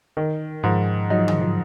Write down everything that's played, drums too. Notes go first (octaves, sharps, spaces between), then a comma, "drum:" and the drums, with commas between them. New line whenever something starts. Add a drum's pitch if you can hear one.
D#3
G#2 F3
F#3 D#4
F3
F#3, drum: tom D3
F3